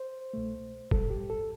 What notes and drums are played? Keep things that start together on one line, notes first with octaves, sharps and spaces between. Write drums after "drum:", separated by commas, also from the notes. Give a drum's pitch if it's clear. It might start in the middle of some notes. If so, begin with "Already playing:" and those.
Already playing: C5
C2 B2 A3
A2 G3 A4, drum: kick F1
G4
A4